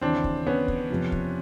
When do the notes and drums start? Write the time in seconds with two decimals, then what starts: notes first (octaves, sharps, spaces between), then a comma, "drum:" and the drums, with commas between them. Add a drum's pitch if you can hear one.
0.01 D#2 C#3 E3 C4 D4
0.24 drum: kick
0.47 B3 C#4
0.68 drum: kick
0.90 F2 C3 F3
1.12 drum: kick